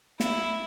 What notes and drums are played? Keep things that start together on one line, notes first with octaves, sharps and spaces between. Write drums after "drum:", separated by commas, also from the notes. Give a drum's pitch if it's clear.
E4, drum: snare